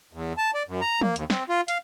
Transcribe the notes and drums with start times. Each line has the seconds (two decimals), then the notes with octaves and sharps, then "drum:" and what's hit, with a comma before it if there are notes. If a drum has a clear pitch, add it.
0.13 E2
0.38 A5
0.54 D5
0.68 F#2
0.81 A#5
1.01 A#3, drum: tom
1.16 D#2, drum: hi-hat
1.30 C4, drum: snare
1.49 F4
1.68 F5, drum: hi-hat